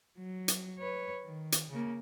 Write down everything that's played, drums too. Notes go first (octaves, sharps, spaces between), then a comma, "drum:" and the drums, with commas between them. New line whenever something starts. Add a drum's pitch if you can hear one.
F#3
drum: hi-hat
B4 C#5
D#3
drum: hi-hat
C#3 A#3